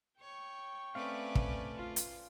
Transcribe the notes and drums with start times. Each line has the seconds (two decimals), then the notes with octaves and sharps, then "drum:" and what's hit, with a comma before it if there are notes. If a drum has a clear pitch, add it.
0.20 C#5 G5 C#6
0.95 A3 C4 C#4 B4 D5 F5
1.35 drum: kick
1.76 F4
1.96 drum: hi-hat